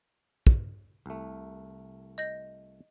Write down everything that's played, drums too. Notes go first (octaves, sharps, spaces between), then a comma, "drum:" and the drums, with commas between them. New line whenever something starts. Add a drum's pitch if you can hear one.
drum: kick
C2 A3
D#5 G6 A#6